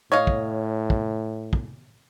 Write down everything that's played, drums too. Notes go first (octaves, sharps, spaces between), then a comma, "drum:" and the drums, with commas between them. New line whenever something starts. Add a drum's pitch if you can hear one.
A2 C#5 D#5 F5
drum: kick
drum: kick
drum: kick